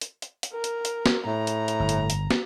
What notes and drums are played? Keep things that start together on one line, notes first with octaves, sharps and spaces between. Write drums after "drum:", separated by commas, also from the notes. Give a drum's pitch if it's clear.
drum: hi-hat
drum: hi-hat
drum: hi-hat
A#4
drum: hi-hat
drum: hi-hat
drum: snare
A2 A#5
drum: hi-hat
drum: hi-hat
G1
drum: hi-hat
drum: hi-hat
drum: snare